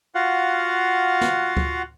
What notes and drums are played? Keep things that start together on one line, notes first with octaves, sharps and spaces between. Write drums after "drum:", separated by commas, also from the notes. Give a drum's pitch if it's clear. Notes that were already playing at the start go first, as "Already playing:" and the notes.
F4 F#4 F5 F#5
drum: snare
drum: kick D2